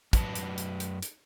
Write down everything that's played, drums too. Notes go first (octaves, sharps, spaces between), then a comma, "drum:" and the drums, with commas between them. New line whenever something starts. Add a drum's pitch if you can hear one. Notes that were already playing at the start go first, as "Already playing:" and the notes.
F#2 B4 A5, drum: kick, hi-hat
drum: hi-hat
drum: hi-hat
drum: hi-hat
drum: hi-hat